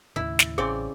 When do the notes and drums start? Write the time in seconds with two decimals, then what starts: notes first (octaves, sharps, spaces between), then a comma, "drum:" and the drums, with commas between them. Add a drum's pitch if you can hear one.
0.16 D#2 A2 C#3 E4
0.39 drum: snare
0.58 A1 C#3 C4 G#4 D5